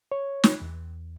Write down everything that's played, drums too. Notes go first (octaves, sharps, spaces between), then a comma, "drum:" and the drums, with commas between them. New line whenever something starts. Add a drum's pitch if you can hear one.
C#5
drum: snare
E2